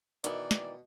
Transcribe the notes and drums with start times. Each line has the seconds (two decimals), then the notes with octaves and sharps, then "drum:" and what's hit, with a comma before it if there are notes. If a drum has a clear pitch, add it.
0.24 B2 D#3 E3 D5, drum: hi-hat
0.51 drum: snare